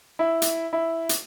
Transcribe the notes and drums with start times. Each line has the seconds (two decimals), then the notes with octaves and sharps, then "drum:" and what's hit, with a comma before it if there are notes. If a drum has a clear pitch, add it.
0.19 E4
0.42 drum: hi-hat
0.73 E4
1.09 drum: hi-hat